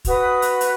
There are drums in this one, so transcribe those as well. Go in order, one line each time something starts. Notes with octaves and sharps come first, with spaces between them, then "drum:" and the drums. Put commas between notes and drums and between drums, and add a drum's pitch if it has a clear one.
F#4 B4 D#6, drum: kick, hi-hat
drum: hi-hat
F#6, drum: hi-hat